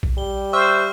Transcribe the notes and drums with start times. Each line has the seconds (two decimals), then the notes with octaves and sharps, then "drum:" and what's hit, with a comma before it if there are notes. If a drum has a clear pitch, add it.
0.03 drum: kick A#1
0.18 G3 G7
0.53 C5 E5 C#6 F6